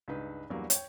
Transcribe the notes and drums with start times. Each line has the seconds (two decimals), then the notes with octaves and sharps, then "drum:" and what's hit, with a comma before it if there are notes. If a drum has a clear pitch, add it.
0.08 C#2 G2 D#4 B4
0.50 E2 G2 F#3 G3 A#3
0.70 C#5 G5, drum: hi-hat